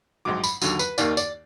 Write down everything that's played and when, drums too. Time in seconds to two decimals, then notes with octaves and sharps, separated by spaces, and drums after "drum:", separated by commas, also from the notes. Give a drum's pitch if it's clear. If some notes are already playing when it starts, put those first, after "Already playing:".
0.25 A#1 G#2 F#3 D6
0.44 B5, drum: tambourine
0.62 D#2 D3 F#3, drum: tambourine
0.79 B4, drum: tambourine
0.98 D#2 D#3 A#3 D5, drum: tambourine
1.17 D5, drum: tambourine